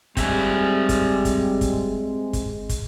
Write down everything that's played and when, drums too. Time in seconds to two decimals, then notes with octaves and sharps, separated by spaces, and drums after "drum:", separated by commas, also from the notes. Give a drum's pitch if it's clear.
0.17 G3 G#3 C4 E5 G#5, drum: kick, hi-hat
0.89 drum: kick, hi-hat
1.25 drum: kick, hi-hat
1.61 drum: kick, hi-hat
2.33 drum: kick, hi-hat
2.69 drum: kick, hi-hat